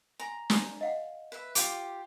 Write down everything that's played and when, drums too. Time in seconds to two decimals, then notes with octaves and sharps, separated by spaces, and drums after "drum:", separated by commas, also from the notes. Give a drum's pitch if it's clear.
0.20 G#5 A#5 C6
0.50 G#5, drum: snare
0.81 D#5 F5 F#5
1.32 B4 E5
1.55 F4 G4 D6, drum: hi-hat